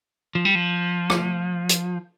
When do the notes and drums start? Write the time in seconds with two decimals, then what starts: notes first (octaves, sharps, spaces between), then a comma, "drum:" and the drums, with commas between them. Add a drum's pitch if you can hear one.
0.35 F3
0.45 G3
0.55 F3
1.10 drum: rim click
1.69 drum: hi-hat